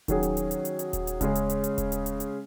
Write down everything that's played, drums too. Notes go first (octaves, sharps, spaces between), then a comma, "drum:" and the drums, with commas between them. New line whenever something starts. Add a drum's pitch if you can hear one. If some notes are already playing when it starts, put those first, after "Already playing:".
D#3 F#3 C#4 G#4, drum: kick D#1, hi-hat
drum: hi-hat
drum: hi-hat
drum: hi-hat
drum: hi-hat
drum: hi-hat
drum: kick D#1, hi-hat
drum: hi-hat
C#3 G#3 C#4 G#4, drum: kick D#1, hi-hat
drum: hi-hat
drum: hi-hat
drum: hi-hat
drum: kick D#1, hi-hat
drum: hi-hat
drum: hi-hat
drum: hi-hat